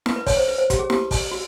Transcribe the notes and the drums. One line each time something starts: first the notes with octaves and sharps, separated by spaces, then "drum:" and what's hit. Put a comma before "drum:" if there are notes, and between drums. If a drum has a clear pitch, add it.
B4, drum: snare
B4
C#5, drum: kick, open hi-hat
C5
B4
C5
G4, drum: kick, hi-hat
G#4
G4, drum: snare
drum: kick, open hi-hat
F#4